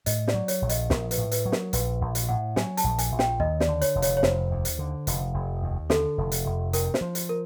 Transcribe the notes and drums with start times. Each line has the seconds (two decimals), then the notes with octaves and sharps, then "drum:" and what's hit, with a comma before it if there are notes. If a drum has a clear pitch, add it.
0.06 A2 D#5, drum: hi-hat
0.28 D5, drum: snare
0.34 F#3
0.48 C#5, drum: hi-hat
0.62 A#1
0.69 D#5, drum: hi-hat
0.90 A#1 A#4, drum: snare
1.11 B4, drum: hi-hat
1.18 A2
1.32 B4, drum: hi-hat
1.46 F#3
1.52 A#4, drum: snare
1.73 A#1 B4, drum: hi-hat
2.01 A#1
2.15 drum: hi-hat
2.29 A2 F#5
2.56 F#3 G#5, drum: snare
2.77 A5, drum: hi-hat
2.84 A#1
2.99 G#5, drum: hi-hat
3.12 A#1
3.19 G5, drum: snare
3.39 D#2 D#5
3.60 D5, drum: snare
3.68 D3
3.82 C#5, drum: hi-hat
3.95 F1
4.02 C#5, drum: hi-hat
4.17 C#5
4.23 F1 C5, drum: snare
4.51 D#2
4.65 drum: hi-hat
4.79 D3
5.07 F1, drum: hi-hat
5.34 F1
5.63 D#2
5.90 D3 A4, drum: snare
6.18 F1
6.32 drum: hi-hat
6.46 F1
6.73 C3 A#4, drum: hi-hat
6.94 C5, drum: snare
7.01 F3
7.15 drum: hi-hat
7.29 A#4